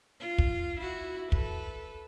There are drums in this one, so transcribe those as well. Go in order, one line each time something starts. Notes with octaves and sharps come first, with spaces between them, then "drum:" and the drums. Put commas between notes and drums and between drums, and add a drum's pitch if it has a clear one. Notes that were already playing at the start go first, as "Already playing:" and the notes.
F4
drum: kick
E4 F#4
A4 B4, drum: kick